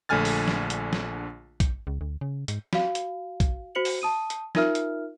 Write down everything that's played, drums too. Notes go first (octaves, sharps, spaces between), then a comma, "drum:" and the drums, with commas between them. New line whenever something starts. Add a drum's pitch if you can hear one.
A#1 D3 A3 G#5 F6 A6
drum: open hi-hat
drum: snare
drum: hi-hat
drum: snare
drum: kick, hi-hat
C#2
D2
C#3
G#2, drum: hi-hat
F#4 F5, drum: snare
drum: hi-hat
drum: kick, hi-hat
F#4 C5 C#7 F#7
drum: open hi-hat
A5 D#6 D#7
drum: hi-hat
D#4 F4 A#4 E5 F6, drum: snare
drum: hi-hat